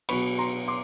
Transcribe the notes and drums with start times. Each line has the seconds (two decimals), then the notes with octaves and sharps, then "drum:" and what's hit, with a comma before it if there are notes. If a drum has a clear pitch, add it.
0.09 B2 F#3 B3 B5 C#6, drum: cymbal
0.38 A#5 C6
0.68 C6 D6